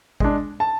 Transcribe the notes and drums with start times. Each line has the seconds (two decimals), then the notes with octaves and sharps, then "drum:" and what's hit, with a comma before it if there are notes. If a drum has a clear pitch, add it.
0.20 G#3 D4, drum: kick
0.60 A5